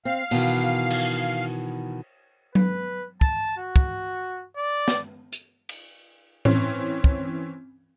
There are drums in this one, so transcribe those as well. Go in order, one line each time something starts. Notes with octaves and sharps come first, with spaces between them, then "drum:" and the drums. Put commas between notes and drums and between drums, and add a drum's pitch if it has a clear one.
C4 F5
B2 D#3 E3, drum: open hi-hat
drum: cymbal
B4, drum: tom F#3
A5, drum: kick
F#4
drum: kick
D5
drum: snare
drum: hi-hat
drum: cymbal
E3 C4 C#4, drum: tom A2
drum: kick